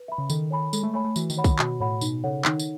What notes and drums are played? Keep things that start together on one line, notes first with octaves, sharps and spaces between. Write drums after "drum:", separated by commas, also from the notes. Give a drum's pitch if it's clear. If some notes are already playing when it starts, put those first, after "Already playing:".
Already playing: B4
E5 B5
C#3
D#3 A4, drum: tambourine
C#5 G#5 B5
G#3 A4, drum: tambourine
A3
A3 C#5 G#5 B5
A3
E3 F#4, drum: tambourine
D#3, drum: tambourine
C#5 F#5 B5
D#3, drum: kick, tambourine
B2 F#4, drum: clap
A2 C#5 F#5 B5
B2 D#4, drum: tambourine
C#3 A4 C#5 F#5
D#3 D#4, drum: clap
drum: tambourine